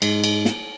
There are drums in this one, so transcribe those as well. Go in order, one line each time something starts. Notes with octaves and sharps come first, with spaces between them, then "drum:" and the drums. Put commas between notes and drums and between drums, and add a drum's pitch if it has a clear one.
G#2, drum: cymbal
drum: cymbal
drum: snare